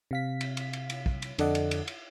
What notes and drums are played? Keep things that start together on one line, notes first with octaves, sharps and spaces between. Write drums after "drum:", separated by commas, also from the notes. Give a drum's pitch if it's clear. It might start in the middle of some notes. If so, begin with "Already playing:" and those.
C3 F5 B6
drum: cymbal
drum: cymbal
drum: cymbal
drum: cymbal
drum: kick
drum: cymbal
F2 D3 A4 D5 D#5 F#5, drum: cymbal
drum: cymbal
drum: cymbal
drum: cymbal